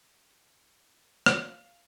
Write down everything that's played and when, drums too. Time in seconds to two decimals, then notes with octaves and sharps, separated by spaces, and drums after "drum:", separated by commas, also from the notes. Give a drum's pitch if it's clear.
1.26 F5, drum: rim click